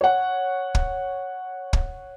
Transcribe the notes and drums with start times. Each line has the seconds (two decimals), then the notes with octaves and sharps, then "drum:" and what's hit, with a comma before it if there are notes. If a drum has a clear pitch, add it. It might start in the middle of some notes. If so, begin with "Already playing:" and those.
0.01 C#5 F#5
0.75 drum: kick
1.73 drum: kick